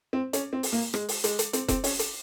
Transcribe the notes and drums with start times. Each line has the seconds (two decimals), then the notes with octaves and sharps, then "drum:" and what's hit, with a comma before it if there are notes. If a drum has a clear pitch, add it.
0.13 C4
0.33 C#4, drum: hi-hat
0.53 C4
0.63 drum: open hi-hat
0.73 A#3
0.94 G#3, drum: rim click
1.09 drum: open hi-hat
1.24 G#3, drum: hi-hat
1.39 drum: hi-hat
1.53 C4, drum: hi-hat
1.68 C4, drum: kick F1, hi-hat
1.84 C#4, drum: open hi-hat
1.99 drum: hi-hat